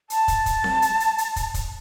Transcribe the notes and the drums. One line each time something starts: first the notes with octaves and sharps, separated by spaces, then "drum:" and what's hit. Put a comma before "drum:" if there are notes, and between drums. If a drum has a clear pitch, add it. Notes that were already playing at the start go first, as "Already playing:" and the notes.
A5, drum: hi-hat
drum: kick, hi-hat
drum: kick, hi-hat
drum: snare C4
drum: hi-hat
drum: hi-hat
drum: hi-hat
drum: kick, hi-hat
drum: kick, hi-hat